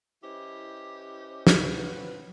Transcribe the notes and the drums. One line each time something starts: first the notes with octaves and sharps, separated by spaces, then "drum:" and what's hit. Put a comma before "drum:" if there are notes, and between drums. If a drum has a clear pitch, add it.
E3 C#4 E4 G4 C5 D#5
F3 F#3 B3 C4 B4, drum: snare